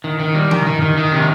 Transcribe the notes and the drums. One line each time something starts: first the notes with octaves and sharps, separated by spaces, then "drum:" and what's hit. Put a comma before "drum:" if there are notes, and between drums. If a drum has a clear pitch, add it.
D#3
D#3
G3
D#3, drum: tom D3
D#3
D#3
D#3
C3